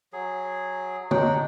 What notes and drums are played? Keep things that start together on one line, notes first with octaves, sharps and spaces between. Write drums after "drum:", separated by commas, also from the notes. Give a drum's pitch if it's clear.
F#3 G#4
D4 C#5 D#5 F#5 G5 A#5, drum: tom